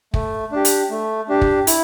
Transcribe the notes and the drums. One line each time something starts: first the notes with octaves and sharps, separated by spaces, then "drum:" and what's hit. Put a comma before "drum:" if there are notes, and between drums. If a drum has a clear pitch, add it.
A3, drum: kick
D4 G4
drum: hi-hat
A3
D4 G4
drum: kick
E4, drum: hi-hat